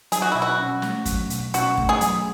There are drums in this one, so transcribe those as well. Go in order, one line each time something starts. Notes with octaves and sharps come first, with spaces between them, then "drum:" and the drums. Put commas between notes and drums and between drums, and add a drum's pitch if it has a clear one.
F#3 G#4, drum: hi-hat
F#4
B2 E4
F#4
C#4
A3, drum: snare
F#3, drum: kick, hi-hat
B2, drum: hi-hat
C#4 F#4, drum: hi-hat
A3, drum: kick
G#4
F#3, drum: hi-hat